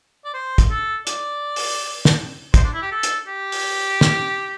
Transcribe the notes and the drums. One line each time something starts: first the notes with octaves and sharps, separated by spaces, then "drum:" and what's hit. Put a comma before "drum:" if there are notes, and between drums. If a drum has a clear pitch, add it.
D5
C5
drum: kick, hi-hat
A4
D5, drum: hi-hat
drum: open hi-hat
drum: snare
C5, drum: kick, hi-hat
D4
E4
G4
A4
drum: hi-hat
G4
drum: open hi-hat
drum: snare